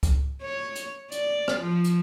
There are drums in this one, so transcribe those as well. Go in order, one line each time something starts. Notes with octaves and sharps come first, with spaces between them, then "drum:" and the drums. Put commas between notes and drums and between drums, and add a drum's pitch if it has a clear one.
drum: kick C#2, hi-hat
C#5
drum: hi-hat
D5, drum: hi-hat
drum: rim click
F3
drum: hi-hat